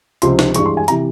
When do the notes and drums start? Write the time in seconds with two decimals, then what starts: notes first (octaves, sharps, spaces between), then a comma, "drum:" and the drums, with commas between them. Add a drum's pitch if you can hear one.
0.22 C#2 C3 F3 C4 C6, drum: hi-hat
0.39 drum: snare
0.54 G2 E3 G#3 C#6, drum: hi-hat
0.66 C6
0.77 G#5
0.88 C3 E3 A#5, drum: hi-hat